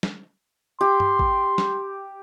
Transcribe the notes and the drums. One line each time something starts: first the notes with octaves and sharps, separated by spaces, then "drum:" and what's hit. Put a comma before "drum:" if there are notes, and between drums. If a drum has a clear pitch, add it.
drum: snare
G4 C6
drum: tom G2
drum: kick
drum: snare